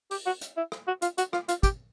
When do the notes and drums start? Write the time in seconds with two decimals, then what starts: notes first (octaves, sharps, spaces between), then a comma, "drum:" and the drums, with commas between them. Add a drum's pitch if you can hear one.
0.11 G4, drum: open hi-hat
0.26 F#4
0.41 drum: hi-hat
0.57 E4
0.72 drum: rim click
0.87 F#4
1.02 F4, drum: hi-hat
1.18 F#4, drum: hi-hat
1.33 F4, drum: rim click
1.49 F4, drum: hi-hat
1.63 G4, drum: kick, hi-hat